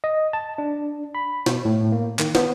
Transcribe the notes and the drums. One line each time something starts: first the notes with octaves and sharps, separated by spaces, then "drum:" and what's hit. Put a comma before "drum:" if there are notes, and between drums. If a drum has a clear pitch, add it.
D#5
A5
D4
B5
B2, drum: snare
A2
A#3
D#3, drum: clap
B3, drum: snare